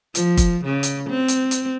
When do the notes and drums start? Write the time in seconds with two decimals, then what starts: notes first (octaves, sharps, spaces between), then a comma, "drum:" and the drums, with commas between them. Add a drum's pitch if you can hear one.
0.15 F3, drum: hi-hat
0.37 drum: kick, hi-hat
0.65 C#3
0.83 drum: hi-hat
1.10 C4
1.28 drum: hi-hat
1.51 drum: hi-hat